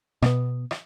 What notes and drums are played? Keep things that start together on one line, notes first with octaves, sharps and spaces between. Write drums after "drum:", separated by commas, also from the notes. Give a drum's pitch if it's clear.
B2 B3, drum: rim click
drum: rim click